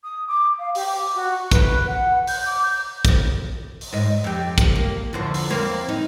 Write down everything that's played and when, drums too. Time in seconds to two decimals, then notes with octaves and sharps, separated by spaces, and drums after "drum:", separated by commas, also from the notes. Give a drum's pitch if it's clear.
0.03 D#6
0.27 D6
0.59 F5
0.75 G4, drum: open hi-hat
0.88 D6
1.14 F#4
1.31 C#6
1.52 B4, drum: kick, hi-hat
1.87 F#5
2.27 G6, drum: open hi-hat
2.45 D6
2.62 G6
3.05 drum: kick, hi-hat
3.81 drum: open hi-hat
3.93 G#2 D#5
4.24 F2 G4
4.58 drum: kick, hi-hat
4.76 A#3
5.13 E2 D3 F3
5.34 drum: open hi-hat
5.50 E2 A#3 C4
5.89 D#4